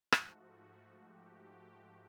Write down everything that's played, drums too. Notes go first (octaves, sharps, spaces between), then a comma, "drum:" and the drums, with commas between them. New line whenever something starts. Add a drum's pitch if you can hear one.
G#2 F3 A3 F#4, drum: rim click
G4